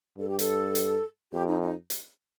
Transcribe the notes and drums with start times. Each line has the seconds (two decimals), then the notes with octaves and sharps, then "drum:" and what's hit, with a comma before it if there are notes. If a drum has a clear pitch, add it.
0.17 G2 A4
0.28 G4
0.39 A4, drum: hi-hat
0.75 drum: hi-hat
1.32 F2 G4
1.47 D#4
1.61 D#4
1.90 drum: hi-hat